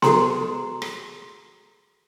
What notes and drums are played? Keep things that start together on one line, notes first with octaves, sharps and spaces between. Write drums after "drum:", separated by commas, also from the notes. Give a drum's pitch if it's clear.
F#4 G#4 A4 A#5 C6, drum: snare B3
drum: rim click